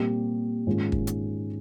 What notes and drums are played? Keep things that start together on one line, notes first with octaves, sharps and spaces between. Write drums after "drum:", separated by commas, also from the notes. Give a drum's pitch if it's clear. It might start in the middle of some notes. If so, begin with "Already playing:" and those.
Already playing: A#2 G3 C4 G4
G#2 D#3 G#3 C#4 F4
drum: kick
drum: hi-hat